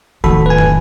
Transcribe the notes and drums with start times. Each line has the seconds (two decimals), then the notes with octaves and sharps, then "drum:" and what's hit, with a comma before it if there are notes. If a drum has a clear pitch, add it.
0.24 D1 D#3 F#4 A4 B5
0.46 B4 G#5
0.58 drum: tom